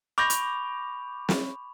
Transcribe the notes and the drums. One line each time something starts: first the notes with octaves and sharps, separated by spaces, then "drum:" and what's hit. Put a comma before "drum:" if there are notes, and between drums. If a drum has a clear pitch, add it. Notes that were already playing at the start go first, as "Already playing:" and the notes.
B5 C#6 D6 G6 A#6 F7
drum: hi-hat
drum: snare